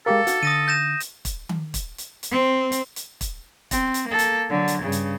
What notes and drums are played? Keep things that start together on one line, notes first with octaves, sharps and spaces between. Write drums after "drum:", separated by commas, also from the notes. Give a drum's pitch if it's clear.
G#3 G4 A4 A#4 F5 D6
D4 D#4 F#4 B4, drum: hi-hat
D3 D#6 A#6 D#7
G6 A#6 E7
drum: hi-hat
drum: kick, hi-hat
drum: tom D#3
drum: kick, hi-hat
drum: hi-hat
drum: hi-hat
C4
drum: hi-hat
drum: hi-hat
drum: kick, hi-hat
C4, drum: kick, hi-hat
drum: hi-hat
A#3 A4
drum: hi-hat
D3 F#3
drum: hi-hat
G2 C#3
drum: hi-hat